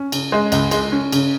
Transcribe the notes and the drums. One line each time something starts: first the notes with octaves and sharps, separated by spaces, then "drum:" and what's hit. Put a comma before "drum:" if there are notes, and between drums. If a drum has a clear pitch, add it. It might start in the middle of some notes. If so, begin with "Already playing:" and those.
Already playing: C#4
C#3, drum: cymbal
G#3
C#2, drum: cymbal
G#3, drum: cymbal
C#4
C#3, drum: cymbal